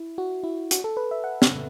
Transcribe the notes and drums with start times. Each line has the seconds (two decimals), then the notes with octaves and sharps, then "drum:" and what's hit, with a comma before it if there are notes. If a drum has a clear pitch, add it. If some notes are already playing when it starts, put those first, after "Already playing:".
Already playing: E4
0.18 F#4
0.43 E4
0.71 F#4, drum: hi-hat
0.84 A4
0.97 B4
1.11 E5
1.24 F#5
1.42 drum: snare